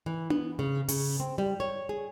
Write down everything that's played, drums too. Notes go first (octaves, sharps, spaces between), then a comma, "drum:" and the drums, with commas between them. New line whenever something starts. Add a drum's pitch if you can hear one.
E3
B3, drum: tom D4
C#3
C#3, drum: open hi-hat
C4
G3
C#5
G#4